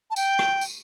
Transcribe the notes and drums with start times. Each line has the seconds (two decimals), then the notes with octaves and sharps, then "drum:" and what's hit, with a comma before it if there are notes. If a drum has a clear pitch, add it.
0.11 A5
0.16 G5, drum: tambourine
0.39 drum: rim click
0.61 drum: tambourine